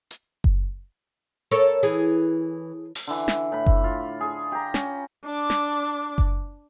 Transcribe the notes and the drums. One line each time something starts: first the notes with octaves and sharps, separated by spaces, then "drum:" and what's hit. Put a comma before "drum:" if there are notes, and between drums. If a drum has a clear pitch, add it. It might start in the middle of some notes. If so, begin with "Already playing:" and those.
drum: hi-hat
drum: kick F#1
A4 A#4 C#5
E3 G#4
drum: open hi-hat
D3 E3
drum: snare
A2 B5
drum: kick F#1
F4
G#4
G4 A#5
C#4, drum: snare
D4 D6
drum: snare
drum: kick F#1